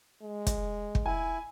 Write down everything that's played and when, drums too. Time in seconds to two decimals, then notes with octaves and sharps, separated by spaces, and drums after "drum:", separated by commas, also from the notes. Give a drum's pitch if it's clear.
0.22 G#3
0.47 drum: kick, hi-hat
0.95 drum: kick
1.06 E4 G#5